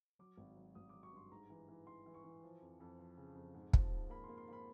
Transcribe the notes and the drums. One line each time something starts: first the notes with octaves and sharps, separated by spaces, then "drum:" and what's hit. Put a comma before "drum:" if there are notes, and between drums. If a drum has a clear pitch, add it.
F#3 D6
G#1
F#3
G#1 D#6
F#3 D6
C#6
G2 C6
G#2 A#5
E3
E3
E3 C6
E3
C#6
E3
F3
F2
F2
F3
C#3
F2
G#2
F3, drum: kick
G#2
A#3 B5
C6
A#3
C6
A#3 B5